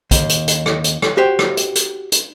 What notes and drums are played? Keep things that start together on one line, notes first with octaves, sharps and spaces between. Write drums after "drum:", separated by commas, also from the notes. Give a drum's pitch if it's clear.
D#2, drum: kick, hi-hat
drum: hi-hat
drum: hi-hat
drum: rim click
drum: hi-hat
drum: rim click
F#4 G4 C5 G5
drum: rim click
drum: hi-hat
drum: hi-hat
drum: hi-hat